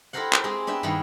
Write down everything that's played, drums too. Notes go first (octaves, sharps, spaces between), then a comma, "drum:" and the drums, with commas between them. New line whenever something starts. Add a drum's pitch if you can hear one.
E4 G4 A4 A#4 C5 F#5
drum: clap
G#3 C4 G4 G#4
B3 D4 E5 G5
G2 D#3 G3 A#3 B3 E4